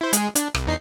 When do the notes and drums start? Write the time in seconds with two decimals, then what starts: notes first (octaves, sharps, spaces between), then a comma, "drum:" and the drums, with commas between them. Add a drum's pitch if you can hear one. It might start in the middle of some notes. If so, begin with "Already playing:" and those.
0.01 E4 C5
0.13 G#3 G#4, drum: hi-hat
0.35 D4, drum: hi-hat
0.55 C2, drum: rim click
0.67 E2 D#4 C7